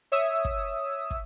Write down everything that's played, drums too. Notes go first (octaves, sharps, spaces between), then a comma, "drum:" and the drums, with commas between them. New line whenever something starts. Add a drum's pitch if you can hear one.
C#5 E5 D#6 E6
drum: kick
drum: kick